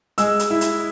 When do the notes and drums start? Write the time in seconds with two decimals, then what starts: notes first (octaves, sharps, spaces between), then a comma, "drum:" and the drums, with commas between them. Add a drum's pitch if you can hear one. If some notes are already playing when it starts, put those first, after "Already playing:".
0.18 G#3 E6, drum: hi-hat
0.39 drum: hi-hat
0.50 E4
0.61 drum: hi-hat